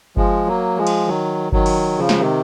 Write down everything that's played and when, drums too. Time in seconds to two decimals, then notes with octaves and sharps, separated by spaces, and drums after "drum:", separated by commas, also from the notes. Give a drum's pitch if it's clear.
0.17 F3 G#3, drum: kick G1
0.47 F#3 A#3
0.78 F3 G#3
0.87 drum: cymbal
1.07 D#3 F#3
1.52 D#3 F#3, drum: kick G1
1.66 drum: cymbal
1.98 C#3 F3
2.09 drum: snare
2.20 C3 D#3